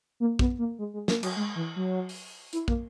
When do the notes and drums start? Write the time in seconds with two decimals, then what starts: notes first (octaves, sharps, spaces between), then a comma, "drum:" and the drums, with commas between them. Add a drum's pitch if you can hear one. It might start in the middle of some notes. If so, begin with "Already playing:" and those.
0.20 A#3
0.39 B3, drum: kick
0.59 A#3
0.79 G#3
0.94 G#3
1.08 A#3, drum: snare
1.23 F#3, drum: cymbal
1.37 G#3
1.56 E3
1.76 F#3
2.09 drum: open hi-hat
2.53 E4, drum: hi-hat
2.68 A#3, drum: kick